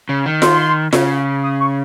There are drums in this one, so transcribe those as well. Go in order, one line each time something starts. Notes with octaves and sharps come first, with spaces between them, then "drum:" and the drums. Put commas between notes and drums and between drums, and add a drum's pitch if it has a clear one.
C#3
D#3
C6, drum: snare F4
C#3, drum: snare F4
D#6
C#6